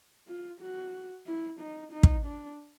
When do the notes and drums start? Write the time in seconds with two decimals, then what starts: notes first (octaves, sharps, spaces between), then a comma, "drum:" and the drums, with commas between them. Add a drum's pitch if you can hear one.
0.28 F4
0.61 F#4
1.26 E4
1.60 D#4
1.92 D#4
2.03 drum: kick
2.26 D4